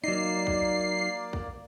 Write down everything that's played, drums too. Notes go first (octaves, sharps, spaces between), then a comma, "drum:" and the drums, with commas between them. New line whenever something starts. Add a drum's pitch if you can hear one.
F#3 A#3 D#4 D5 C7
drum: kick
drum: kick